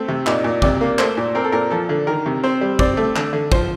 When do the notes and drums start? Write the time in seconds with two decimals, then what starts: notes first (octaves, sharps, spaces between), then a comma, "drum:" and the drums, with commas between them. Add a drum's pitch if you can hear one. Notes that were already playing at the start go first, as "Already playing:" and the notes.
Already playing: A3 C4
0.08 C3
0.27 A#2 D#4, drum: clap
0.44 A#2
0.62 C3 D5, drum: kick
0.81 A#3
0.99 A3 C5, drum: clap
1.17 A#2
1.35 C4 A#4
1.44 A4
1.52 A#2 A#4
1.70 F3 A4
1.89 D3
2.07 D#3 A#4
2.26 C3
2.43 C4 C5
2.61 G3
2.79 C4 D5, drum: kick
2.97 A3
3.16 D3, drum: clap
3.33 D3
3.52 F3 C5, drum: kick